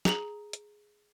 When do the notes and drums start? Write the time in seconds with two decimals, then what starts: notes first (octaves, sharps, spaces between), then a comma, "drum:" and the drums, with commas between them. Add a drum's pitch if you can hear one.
0.05 G#4 A#5 F7 F#7, drum: snare
0.53 drum: hi-hat